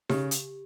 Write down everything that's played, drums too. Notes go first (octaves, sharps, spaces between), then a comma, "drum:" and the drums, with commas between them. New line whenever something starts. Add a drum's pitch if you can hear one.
C#3 G4, drum: snare D#4
drum: hi-hat